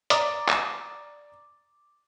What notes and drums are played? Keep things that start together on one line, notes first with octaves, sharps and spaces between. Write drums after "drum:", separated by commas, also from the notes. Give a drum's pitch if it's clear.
D5 A#5 D6 D#6, drum: hi-hat
drum: clap